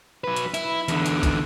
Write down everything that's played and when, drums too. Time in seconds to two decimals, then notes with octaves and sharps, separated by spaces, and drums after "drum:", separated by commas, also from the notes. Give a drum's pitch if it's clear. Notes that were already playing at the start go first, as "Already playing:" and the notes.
0.24 F#3 B4
0.36 drum: hi-hat
0.54 E4, drum: hi-hat
0.88 E2 D3, drum: hi-hat
1.06 drum: hi-hat
1.23 drum: kick, hi-hat